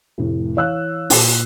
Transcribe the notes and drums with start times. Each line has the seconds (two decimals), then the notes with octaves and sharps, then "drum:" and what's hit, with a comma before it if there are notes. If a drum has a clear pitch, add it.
0.18 F1 A2
0.56 E3 C#5 F5 E6 F#6
1.10 A#2, drum: open hi-hat